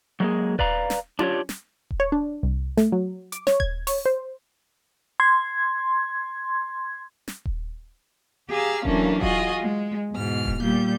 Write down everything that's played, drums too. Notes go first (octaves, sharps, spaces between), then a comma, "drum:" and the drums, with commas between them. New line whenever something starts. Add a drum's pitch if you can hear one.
F#3 G#3 A#3 G#4
B4 D5 F5 A#5, drum: kick D#1
drum: snare
D4 F4 G4 C#5, drum: tom C#4
drum: snare
drum: kick D#1
C#5
D4
C2
A3, drum: snare
F#3
D6, drum: hi-hat
C#5, drum: snare
G#6, drum: kick D#1
C#5, drum: open hi-hat
C5
C6 G#6
drum: snare
drum: kick D#1
G4 G#4 F5 A#5 E6
E3 F#3 A3 A#3 C#4 D4, drum: kick D#1
F4 F#4 G#4 D#5, drum: kick D#1
G#3
E2 G#2 B2 F6
drum: kick D#1
A#2 G3 G6